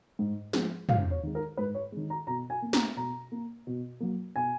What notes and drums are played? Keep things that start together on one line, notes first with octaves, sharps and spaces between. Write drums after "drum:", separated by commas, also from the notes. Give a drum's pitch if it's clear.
G#2
F3 G#3, drum: snare
G#2 F5, drum: tom
C#5
D#3 G#3
A#4
G#2 B4
C#5
D#3 G#3
A#5
B2 A#5
G#5
A#3
A#5, drum: snare
B2 A#5
A#3
B2
F#3 A#3
B2 G#5